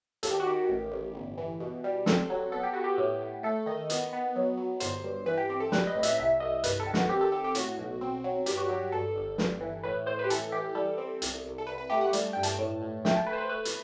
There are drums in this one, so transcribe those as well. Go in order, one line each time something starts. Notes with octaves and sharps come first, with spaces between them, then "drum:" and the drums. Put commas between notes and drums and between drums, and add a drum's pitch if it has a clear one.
D#2 A4, drum: hi-hat
G4
F#4
D#3 G4
A1
A1
G1
E3
B2
G3
C4 A4, drum: snare
F#3
B3 A4
G4
B3 F#4
G4
A2
A2
A3 A4
D#3 D#5
B3, drum: hi-hat
B3
F#3
F#3
G1 C5, drum: hi-hat
G2
E3 B4
G4
C4 G4
A4
G3 B4, drum: snare
D#5
A2
E5, drum: hi-hat
C2 E5
C2 D#5
G2 B4, drum: hi-hat
A4
D#3
F#4, drum: snare
C4 G4
A4
C4 A4
G4
A2 F#4, drum: hi-hat
B1
C4
F#3
G2 G4, drum: hi-hat
F#4
F#3 G4
G2 A4
G1
G2, drum: snare
E3
A2 B4
A2 C5
B4
G4
E3 A4, drum: hi-hat
E3 G4
G3 A4
C4
C2, drum: hi-hat
C2
A4
C2 B4
B4
A3 G4
F#5
G3, drum: hi-hat
A5
G2 G5
A5, drum: hi-hat
A2
A2
A3 G5, drum: snare
A5
A3 B4
C5
B4
A3 B4
drum: hi-hat